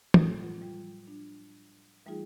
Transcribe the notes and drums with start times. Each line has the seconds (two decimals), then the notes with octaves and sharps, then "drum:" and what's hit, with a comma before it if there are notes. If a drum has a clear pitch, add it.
0.14 A2 F4 F#4 A4 D#6, drum: tom
0.41 F#3 F4
0.61 F3 G3 F4
1.07 D4
2.06 E3 G3 A3 D#4 F4 G#4